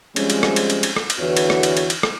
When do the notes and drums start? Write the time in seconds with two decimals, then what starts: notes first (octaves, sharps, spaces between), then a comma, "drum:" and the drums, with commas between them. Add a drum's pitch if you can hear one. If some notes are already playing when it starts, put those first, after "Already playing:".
0.16 F3 G3 G#3 C4 C#4, drum: cymbal
0.30 drum: cymbal
0.43 drum: rim click
0.56 drum: cymbal
0.70 drum: cymbal
0.83 drum: cymbal
0.96 drum: rim click
1.10 drum: cymbal
1.19 E2 D3 E3 F#4 B4 C#5
1.37 drum: cymbal
1.50 drum: rim click
1.63 drum: cymbal
1.77 drum: cymbal
1.90 drum: cymbal
2.03 drum: rim click